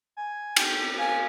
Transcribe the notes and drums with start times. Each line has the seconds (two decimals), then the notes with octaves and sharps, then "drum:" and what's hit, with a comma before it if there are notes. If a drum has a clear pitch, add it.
0.17 G#5
0.56 G5, drum: cymbal
0.98 F5 G#5